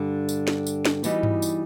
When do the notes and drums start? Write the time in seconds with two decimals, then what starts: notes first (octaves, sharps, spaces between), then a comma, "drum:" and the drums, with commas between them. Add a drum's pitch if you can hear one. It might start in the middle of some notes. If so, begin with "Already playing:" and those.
Already playing: G2 D3 G3
0.29 drum: tambourine
0.48 drum: snare
0.66 drum: tambourine
0.85 drum: snare
1.04 E3 G3 B3 D#4 F#4, drum: tambourine
1.23 drum: tom G2
1.42 drum: tambourine